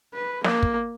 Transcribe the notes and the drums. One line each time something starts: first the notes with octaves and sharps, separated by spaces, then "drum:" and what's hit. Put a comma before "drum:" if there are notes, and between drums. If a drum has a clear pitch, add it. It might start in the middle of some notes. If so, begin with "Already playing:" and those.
B4
A#3, drum: snare
drum: kick